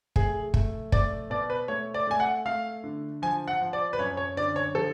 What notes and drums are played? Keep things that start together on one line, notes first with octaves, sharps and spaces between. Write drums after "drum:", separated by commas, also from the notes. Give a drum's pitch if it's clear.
A3 G#4, drum: kick
A3, drum: kick
A3 D5, drum: kick
B2 D5
B4
A3 C#5
D5
A3 G#5
F#5
A3 F5
D3
F3 G#5
F#5
F3
D5
B4
F#2 C#5
C#5
D3 D5
C#5
F3 A4